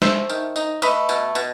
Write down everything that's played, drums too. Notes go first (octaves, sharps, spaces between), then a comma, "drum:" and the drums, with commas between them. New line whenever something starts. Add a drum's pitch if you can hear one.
A3 C5 E5, drum: snare
D#3, drum: tambourine
D#4, drum: tambourine
A3 B4 D#5, drum: tambourine
B2, drum: tambourine
B2, drum: tambourine